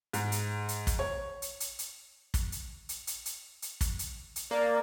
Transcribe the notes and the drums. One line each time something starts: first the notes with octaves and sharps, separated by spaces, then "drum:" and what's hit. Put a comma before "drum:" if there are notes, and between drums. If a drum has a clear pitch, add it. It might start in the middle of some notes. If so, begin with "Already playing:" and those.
G#2, drum: hi-hat
drum: hi-hat
drum: hi-hat
drum: kick, hi-hat
C#5
drum: hi-hat
drum: hi-hat
drum: hi-hat
drum: kick, hi-hat
drum: hi-hat
drum: hi-hat
drum: hi-hat
drum: hi-hat
drum: hi-hat
drum: kick, hi-hat
drum: hi-hat
drum: hi-hat
A#3 D5